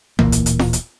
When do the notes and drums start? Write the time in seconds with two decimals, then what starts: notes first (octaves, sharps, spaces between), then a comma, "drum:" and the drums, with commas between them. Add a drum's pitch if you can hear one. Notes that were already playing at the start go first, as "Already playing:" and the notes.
0.19 D1 A#2 E3 A#3, drum: tom B1
0.32 drum: hi-hat
0.46 drum: hi-hat
0.59 drum: snare F4
0.73 drum: hi-hat